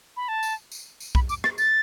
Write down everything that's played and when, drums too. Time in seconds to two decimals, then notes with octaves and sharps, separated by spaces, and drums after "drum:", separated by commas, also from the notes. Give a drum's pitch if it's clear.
0.16 B5
0.28 A5
0.43 drum: tambourine
0.72 drum: tambourine
1.00 drum: tambourine
1.15 B5, drum: kick B1
1.29 D6, drum: tambourine
1.44 A6, drum: rim click
1.58 A6, drum: tambourine